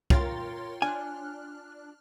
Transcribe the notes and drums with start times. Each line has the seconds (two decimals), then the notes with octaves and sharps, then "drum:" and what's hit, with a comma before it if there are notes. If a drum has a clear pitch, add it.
0.10 F4 A#4 C#5 G5 C6 A6, drum: kick
0.82 D4 G#5 F6 F#6